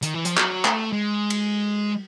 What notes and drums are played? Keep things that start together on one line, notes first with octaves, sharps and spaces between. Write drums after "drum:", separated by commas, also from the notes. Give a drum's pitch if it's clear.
D#3, drum: hi-hat
E3
F3, drum: hi-hat
F#3, drum: clap
A3, drum: clap
G#3
drum: cymbal